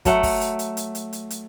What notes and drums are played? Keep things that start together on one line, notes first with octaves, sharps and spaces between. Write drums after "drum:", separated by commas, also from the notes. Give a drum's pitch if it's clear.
F#3 A3 F#5, drum: kick, hi-hat
drum: kick, open hi-hat
drum: hi-hat
drum: hi-hat
drum: hi-hat
drum: hi-hat
drum: hi-hat
drum: hi-hat